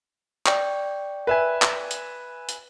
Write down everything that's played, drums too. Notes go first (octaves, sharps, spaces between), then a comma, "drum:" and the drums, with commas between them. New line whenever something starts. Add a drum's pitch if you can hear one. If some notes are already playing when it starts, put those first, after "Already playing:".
D5 G5 C#6, drum: clap
B4 E5 G#5
drum: clap
drum: hi-hat
drum: hi-hat